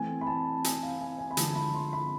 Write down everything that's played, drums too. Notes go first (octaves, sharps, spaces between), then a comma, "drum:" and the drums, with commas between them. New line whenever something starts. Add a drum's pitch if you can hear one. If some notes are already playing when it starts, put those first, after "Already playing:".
Already playing: E3 A3 C4 G#5
B5
A5
G#5, drum: hi-hat
F5
G#5
G#5
B5
D3 F3 G#3 A5, drum: hi-hat
B5
C6
B5